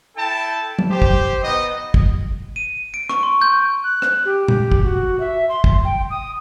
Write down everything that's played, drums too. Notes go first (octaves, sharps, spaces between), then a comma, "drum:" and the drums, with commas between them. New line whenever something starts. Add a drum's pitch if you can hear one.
E4 A4 G5 A5
drum: tom
G4 C5
drum: kick
B3 D#4 D#5
drum: kick
D#7
D7
C#6, drum: rim click
C6
G6
F#6
drum: rim click
G4
drum: tom A#2
drum: kick
F#4
E5
C6
drum: kick
G5
D#6